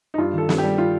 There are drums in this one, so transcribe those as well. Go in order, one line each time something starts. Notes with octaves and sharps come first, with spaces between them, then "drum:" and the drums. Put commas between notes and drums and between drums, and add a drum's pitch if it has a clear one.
D#4
G2 F4
D#3 A4
G2, drum: snare
G4
G3
F4